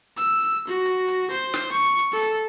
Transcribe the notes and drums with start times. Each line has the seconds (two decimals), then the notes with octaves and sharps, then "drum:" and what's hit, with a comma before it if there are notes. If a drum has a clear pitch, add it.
0.17 E6, drum: hi-hat
0.67 F#4
0.86 drum: hi-hat
1.08 drum: hi-hat
1.30 C5, drum: hi-hat
1.54 drum: snare
1.72 C#6
1.99 drum: hi-hat
2.12 A4
2.22 drum: hi-hat